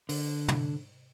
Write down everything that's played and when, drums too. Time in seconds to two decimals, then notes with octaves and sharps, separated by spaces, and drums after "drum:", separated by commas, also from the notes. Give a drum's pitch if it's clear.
0.09 D3, drum: open hi-hat
0.48 drum: tom